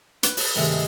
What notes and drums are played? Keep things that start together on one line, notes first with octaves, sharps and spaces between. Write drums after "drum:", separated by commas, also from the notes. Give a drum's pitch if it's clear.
B4, drum: hi-hat
drum: open hi-hat
G2 C3 D#3 G#3 A3